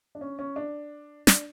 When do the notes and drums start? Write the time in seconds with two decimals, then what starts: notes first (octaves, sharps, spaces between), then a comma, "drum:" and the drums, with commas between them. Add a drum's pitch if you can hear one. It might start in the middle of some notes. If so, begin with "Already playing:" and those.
0.15 D4
0.21 C#4
0.39 C#4
0.56 D4
1.27 D4, drum: snare